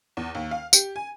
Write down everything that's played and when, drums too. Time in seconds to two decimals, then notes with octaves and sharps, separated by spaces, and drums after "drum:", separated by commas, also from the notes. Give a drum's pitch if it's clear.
0.17 E2
0.35 D#2
0.51 F5
0.73 G4, drum: tambourine
0.96 G#5